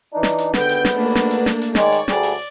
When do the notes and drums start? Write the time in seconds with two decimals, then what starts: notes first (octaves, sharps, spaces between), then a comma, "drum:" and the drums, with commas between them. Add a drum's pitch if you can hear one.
0.14 E3 D4 D#4
0.23 drum: snare
0.38 drum: hi-hat
0.54 G#1 D3 B3 G5, drum: snare
0.69 drum: hi-hat
0.85 drum: snare
0.94 A3 A#3 D4
1.15 drum: snare
1.31 drum: hi-hat
1.46 drum: snare
1.62 drum: hi-hat
1.75 D#3 G#3 C#5 D5, drum: snare
1.92 drum: hi-hat
2.08 D2 G3 G#4 D5, drum: snare
2.23 drum: open hi-hat